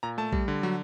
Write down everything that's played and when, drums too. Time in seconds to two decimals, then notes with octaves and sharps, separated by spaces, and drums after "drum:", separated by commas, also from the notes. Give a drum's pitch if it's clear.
0.03 A#2 A#5
0.18 A3 A5
0.33 G3, drum: kick A#1
0.48 D3
0.63 F#3